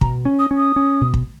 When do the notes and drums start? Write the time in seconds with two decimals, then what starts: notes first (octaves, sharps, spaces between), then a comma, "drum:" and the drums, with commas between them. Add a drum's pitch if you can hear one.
0.01 B2 A#5, drum: kick
0.25 C#4
0.39 D#6
0.51 C#4
0.57 D#6
0.76 C#4
1.01 B2
1.14 drum: kick